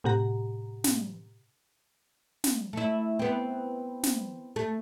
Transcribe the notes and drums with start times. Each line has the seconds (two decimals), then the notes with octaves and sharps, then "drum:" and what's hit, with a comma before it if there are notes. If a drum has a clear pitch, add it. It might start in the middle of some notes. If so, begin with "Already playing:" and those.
0.04 A2 C3 G4 F#5 A#5
0.84 drum: snare
2.44 drum: snare
2.73 A3 E4
3.19 B3 C4
4.03 drum: snare
4.56 A3